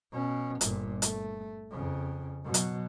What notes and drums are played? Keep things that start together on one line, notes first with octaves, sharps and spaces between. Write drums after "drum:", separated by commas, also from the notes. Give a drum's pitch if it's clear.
B2 C#4
G1 A#2, drum: hi-hat
A3, drum: hi-hat
F2 C#3
B2 F#3
drum: hi-hat